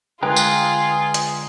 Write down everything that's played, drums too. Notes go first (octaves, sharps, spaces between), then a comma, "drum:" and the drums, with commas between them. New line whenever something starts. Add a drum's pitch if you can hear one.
D3 G#3 F4 G#4 B4 G5 A#5
drum: tambourine
drum: hi-hat